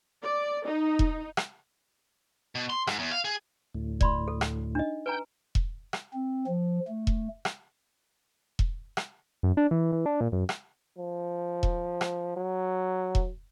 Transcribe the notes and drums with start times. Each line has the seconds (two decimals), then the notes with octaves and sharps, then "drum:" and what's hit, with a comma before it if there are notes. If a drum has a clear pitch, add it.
0.23 D5
0.66 D#4
0.99 drum: kick E1
1.37 drum: rim click
2.55 B2
2.70 C6
2.87 G#2, drum: rim click
2.99 E2
3.11 F5
3.25 G#4
3.75 D2 A2
4.01 D5 B5 C6, drum: kick E1
4.28 A4
4.41 drum: rim click
4.75 D4 D#4 D#5
5.06 B4 G5 G#5 A#5 G6
5.55 drum: kick E1
5.93 drum: rim click
6.14 C4
6.47 F3
6.88 A3
7.07 drum: kick E1
7.45 drum: rim click
8.59 drum: kick E1
8.97 drum: rim click
9.43 F#2
9.57 D4
9.71 E3
9.93 E3
10.06 D4
10.21 A#2
10.32 F#2
10.49 drum: rim click
10.98 F3
11.63 drum: kick E1
12.01 drum: rim click
12.36 F#3
13.15 drum: kick E1